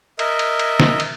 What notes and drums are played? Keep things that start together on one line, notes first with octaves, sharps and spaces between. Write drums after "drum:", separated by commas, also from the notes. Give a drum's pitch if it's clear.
A#4 D#5 E5, drum: cymbal
drum: cymbal
drum: cymbal
drum: snare
drum: cymbal